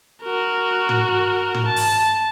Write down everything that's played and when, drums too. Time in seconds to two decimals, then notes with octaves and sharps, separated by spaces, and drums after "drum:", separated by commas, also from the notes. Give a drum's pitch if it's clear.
0.23 F#4 A#4
0.89 drum: tom
1.54 drum: tom
1.67 A5
1.76 drum: open hi-hat